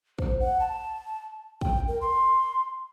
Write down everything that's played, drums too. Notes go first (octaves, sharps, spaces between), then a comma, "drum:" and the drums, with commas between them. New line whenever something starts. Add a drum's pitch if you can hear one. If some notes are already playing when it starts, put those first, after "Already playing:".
C5, drum: kick
F#5
A5
G5, drum: kick
A#4
C6